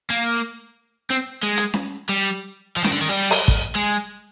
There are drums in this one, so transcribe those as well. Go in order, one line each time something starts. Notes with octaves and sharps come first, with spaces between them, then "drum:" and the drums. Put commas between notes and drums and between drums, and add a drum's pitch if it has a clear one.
A#3
C4
G#3
drum: hi-hat
drum: snare C#4
G3
F3
D#3, drum: snare C#4
D3
D#3
G3
drum: open hi-hat
drum: kick
G#3